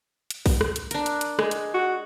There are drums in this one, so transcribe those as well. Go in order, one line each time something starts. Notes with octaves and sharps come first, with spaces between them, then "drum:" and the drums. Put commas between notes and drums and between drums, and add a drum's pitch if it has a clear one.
drum: hi-hat
drum: kick B1, open hi-hat
drum: rim click
drum: hi-hat
D4 A#4, drum: hi-hat
drum: hi-hat
drum: hi-hat
G#3, drum: rim click
drum: hi-hat
F#4